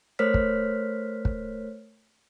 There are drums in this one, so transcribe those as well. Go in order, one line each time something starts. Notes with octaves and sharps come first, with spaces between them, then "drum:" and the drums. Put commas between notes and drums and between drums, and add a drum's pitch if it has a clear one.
A3 A#4 C5 C#5 F6 B6
drum: kick
drum: kick